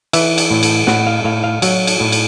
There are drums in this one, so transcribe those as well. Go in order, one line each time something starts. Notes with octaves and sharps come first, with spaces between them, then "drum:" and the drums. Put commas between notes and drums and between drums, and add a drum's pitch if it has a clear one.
E3 E5, drum: cymbal
drum: cymbal
A2
drum: cymbal
A2 F#5, drum: snare
F5
A2 F5
F5
F#3, drum: cymbal
drum: cymbal
A2
drum: cymbal